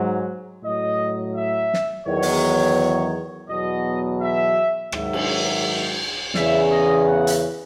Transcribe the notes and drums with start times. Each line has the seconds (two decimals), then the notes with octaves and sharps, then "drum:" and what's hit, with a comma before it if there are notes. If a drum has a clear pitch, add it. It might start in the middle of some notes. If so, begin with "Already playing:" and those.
Already playing: G#2 F#3
0.64 A2 F#3 D#5
1.35 E5
1.74 drum: snare
2.07 E2 D#3 F#3 C#5
2.22 drum: open hi-hat
3.49 E2 B2 F#3 D#5
4.22 E5
4.92 G#2 D#3 F#3 E5, drum: rim click
5.13 drum: cymbal
6.35 E2 C#3 E3 E5, drum: snare
6.71 D#5
7.06 F#5
7.27 drum: hi-hat